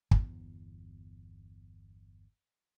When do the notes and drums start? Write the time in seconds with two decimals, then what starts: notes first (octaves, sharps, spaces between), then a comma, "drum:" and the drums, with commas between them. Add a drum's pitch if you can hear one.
0.11 G1 E2, drum: kick